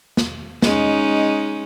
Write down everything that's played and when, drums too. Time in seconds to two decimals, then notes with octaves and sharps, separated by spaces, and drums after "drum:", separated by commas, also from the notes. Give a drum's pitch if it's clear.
0.17 drum: snare
0.62 G#3 C#4 D#4, drum: snare